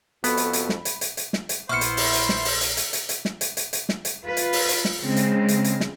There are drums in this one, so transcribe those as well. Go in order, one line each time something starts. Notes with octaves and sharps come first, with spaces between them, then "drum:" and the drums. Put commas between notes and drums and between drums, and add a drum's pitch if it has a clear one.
F2 B3 F#4 A4 B5, drum: hi-hat
drum: hi-hat
drum: hi-hat
drum: snare
drum: hi-hat
drum: hi-hat
drum: hi-hat
drum: snare
drum: hi-hat
A#1 A#2 B3 E4 C5 C#6 F6 C#7
drum: hi-hat
drum: open hi-hat
drum: hi-hat
drum: snare
drum: open hi-hat
drum: hi-hat
drum: hi-hat
drum: hi-hat
drum: hi-hat
drum: snare
drum: hi-hat
drum: hi-hat
drum: hi-hat
drum: snare
drum: hi-hat
F4 B4
drum: hi-hat
drum: open hi-hat
drum: hi-hat
drum: snare
C#3 G#3 C4
drum: hi-hat
drum: hi-hat
drum: hi-hat
drum: snare